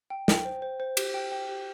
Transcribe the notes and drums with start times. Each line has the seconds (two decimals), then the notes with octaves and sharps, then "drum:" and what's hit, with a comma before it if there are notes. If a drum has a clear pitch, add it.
0.10 G5
0.28 G5, drum: snare
0.45 C5
0.62 C5
0.80 C5
0.97 G4, drum: cymbal
1.14 G5
1.32 G5
1.49 G4